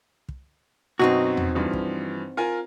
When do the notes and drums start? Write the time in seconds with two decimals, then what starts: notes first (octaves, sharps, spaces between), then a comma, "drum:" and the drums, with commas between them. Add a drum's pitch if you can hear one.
0.29 drum: kick
1.00 F#2 B2 C4 D#4 F#4
1.37 drum: tom E2
1.55 G2 E3 F3
1.73 drum: kick
2.37 F4 A#4 G#5